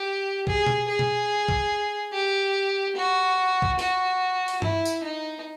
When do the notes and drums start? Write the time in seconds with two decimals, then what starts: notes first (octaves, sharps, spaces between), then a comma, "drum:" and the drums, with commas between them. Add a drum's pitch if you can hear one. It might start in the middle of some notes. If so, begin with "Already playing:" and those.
Already playing: G4
0.47 G#4, drum: kick B1
0.67 drum: tom B2
0.88 G#4
0.99 drum: tom B2
1.48 drum: kick B1
2.13 G4
2.96 F#4
3.62 drum: kick B1
3.79 F#4, drum: open hi-hat
4.48 drum: open hi-hat
4.62 E4, drum: tom G2
4.85 drum: tambourine
5.03 D#4